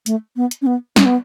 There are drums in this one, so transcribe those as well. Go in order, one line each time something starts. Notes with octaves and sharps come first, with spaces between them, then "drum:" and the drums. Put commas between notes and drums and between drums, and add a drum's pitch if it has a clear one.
A3, drum: hi-hat
B3
drum: hi-hat
C#4
B3
C#4, drum: snare
B3